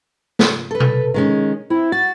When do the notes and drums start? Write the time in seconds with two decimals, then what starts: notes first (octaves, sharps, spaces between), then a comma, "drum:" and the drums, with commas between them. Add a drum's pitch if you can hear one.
0.39 drum: snare
0.71 A4 B4
0.80 drum: tom B2
1.14 D#3 G#3 C#4
1.70 C4 E4
1.92 F#4 A6